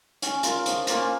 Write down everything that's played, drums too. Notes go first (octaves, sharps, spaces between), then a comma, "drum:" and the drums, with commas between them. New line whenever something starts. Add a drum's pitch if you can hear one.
C#4, drum: hi-hat
F4 A#4, drum: hi-hat
F3, drum: hi-hat
A#3 C#4 F4, drum: hi-hat